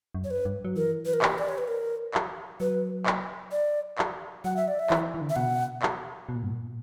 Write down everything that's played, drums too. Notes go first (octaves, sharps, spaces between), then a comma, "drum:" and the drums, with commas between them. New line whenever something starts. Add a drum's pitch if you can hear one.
F#2
C#5
B4
G2
F#3
E3 A#4
B4
A#4
G4, drum: clap
D5
C#5
B4
A#4
drum: clap
F#3 B4
drum: clap
D5
drum: clap
F#3 F#5
E5
D5
E5
E3, drum: clap
E3
D3
C#3 E5
B2 F#5
drum: clap
B2
A#2
G2
A#2